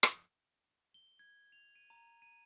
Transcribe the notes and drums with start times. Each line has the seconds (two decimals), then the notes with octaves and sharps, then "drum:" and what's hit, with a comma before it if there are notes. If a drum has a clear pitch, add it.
0.03 drum: rim click
0.94 G7
1.19 G#6
1.52 F7
1.76 D#7
1.90 A#5
2.22 D#7